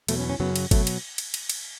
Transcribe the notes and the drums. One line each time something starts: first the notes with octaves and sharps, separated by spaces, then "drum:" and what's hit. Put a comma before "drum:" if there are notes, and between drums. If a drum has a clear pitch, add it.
E2 B2 F#3 A3, drum: cymbal
C#4
C#4
F#2 C#3 F#3 B3
drum: cymbal
B2 F#3 A3, drum: kick G1, cymbal
drum: cymbal
drum: cymbal
drum: cymbal
drum: cymbal